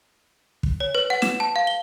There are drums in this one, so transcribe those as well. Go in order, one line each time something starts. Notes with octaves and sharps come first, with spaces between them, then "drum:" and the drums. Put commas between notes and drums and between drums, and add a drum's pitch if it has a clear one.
drum: kick
C#5
B4
F#5
E7, drum: snare
A5
F5
G7